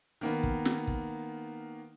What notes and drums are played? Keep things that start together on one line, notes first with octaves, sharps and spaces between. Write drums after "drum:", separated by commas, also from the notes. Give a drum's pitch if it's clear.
D#3 A#3 B3
drum: kick
drum: snare
drum: kick